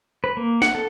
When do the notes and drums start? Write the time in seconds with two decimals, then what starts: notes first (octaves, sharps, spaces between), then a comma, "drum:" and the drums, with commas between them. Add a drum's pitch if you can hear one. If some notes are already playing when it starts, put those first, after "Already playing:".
0.24 B4
0.37 A#3
0.62 F#5, drum: snare
0.75 A4